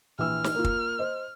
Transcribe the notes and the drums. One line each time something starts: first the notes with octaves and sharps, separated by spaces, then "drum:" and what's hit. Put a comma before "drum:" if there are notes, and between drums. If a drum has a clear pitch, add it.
A#1 E3 E6 F6
drum: snare
A#3 F4
drum: kick
C5 D#5